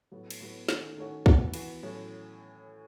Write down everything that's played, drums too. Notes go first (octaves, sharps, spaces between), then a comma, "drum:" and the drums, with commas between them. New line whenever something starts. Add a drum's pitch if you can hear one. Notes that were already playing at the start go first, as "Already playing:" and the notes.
A2 F#3 B3
drum: cymbal
A2 F#3 B3
D#3 A3 C#4 F#4, drum: snare
D#3 A3 C#4 F#4
E3 B3 F#4, drum: kick
E3 B3 F#4, drum: cymbal
A2 F#3 C#4